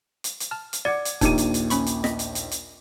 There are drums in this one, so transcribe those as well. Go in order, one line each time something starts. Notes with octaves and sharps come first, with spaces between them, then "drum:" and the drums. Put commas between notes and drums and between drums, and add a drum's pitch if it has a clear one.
drum: hi-hat
drum: hi-hat
A5 F6
drum: hi-hat
D5 F#5 D6 G#6 C#7
drum: hi-hat
A#1 D#2 D4 D#4 G4 D#7, drum: kick C#1, hi-hat
drum: hi-hat
drum: hi-hat
C#4 B5 C#6, drum: hi-hat
drum: hi-hat
D#5 B6, drum: snare
drum: hi-hat
drum: hi-hat
drum: hi-hat